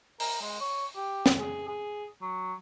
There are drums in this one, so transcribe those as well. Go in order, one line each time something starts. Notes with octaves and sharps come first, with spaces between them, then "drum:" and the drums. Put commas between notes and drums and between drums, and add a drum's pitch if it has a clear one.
A#4, drum: open hi-hat
G#3
C#5
G4
drum: snare
G#4
G#4
F#3